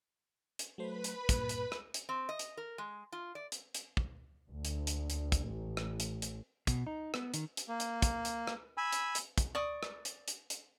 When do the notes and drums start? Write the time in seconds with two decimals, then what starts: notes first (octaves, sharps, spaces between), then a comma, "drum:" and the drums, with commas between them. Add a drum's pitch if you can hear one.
0.59 drum: hi-hat
0.78 F#3 A3 B4 C5 B5
1.04 drum: hi-hat
1.29 G2 A#2, drum: kick, hi-hat
1.49 drum: hi-hat
1.72 drum: rim click
1.94 drum: hi-hat
2.09 C4
2.29 D#5
2.39 drum: hi-hat
2.57 A#4
2.78 G#3
3.12 F4
3.35 D5
3.52 drum: hi-hat
3.75 drum: hi-hat
3.97 drum: kick
4.48 D2
4.65 drum: hi-hat
4.87 drum: hi-hat
5.10 drum: hi-hat
5.32 drum: kick, hi-hat
5.46 A1
5.77 drum: rim click
6.00 drum: hi-hat
6.22 drum: hi-hat
6.67 B2, drum: kick, hi-hat
6.87 D#4
7.14 B3, drum: rim click
7.34 D#3, drum: hi-hat
7.57 drum: hi-hat
7.68 A#3
7.80 drum: hi-hat
8.02 drum: kick, hi-hat
8.25 drum: hi-hat
8.47 drum: rim click
8.77 G#5 B5 E6
8.93 drum: hi-hat
9.15 drum: hi-hat
9.38 drum: kick, hi-hat
9.55 D5 C#6 D#6
9.83 drum: rim click
10.05 drum: hi-hat
10.28 drum: hi-hat
10.50 drum: hi-hat